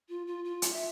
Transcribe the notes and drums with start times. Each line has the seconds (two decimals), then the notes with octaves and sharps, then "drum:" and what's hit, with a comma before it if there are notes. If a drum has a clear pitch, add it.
0.09 F4
0.27 F4
0.45 F4
0.62 drum: hi-hat
0.72 E5